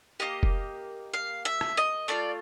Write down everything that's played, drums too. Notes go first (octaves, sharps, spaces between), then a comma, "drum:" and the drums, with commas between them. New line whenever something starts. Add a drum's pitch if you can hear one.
A#3 D#4 G4 D#5
drum: kick F1
F5
E5
drum: rim click
D#5
A3 D4 F4 D5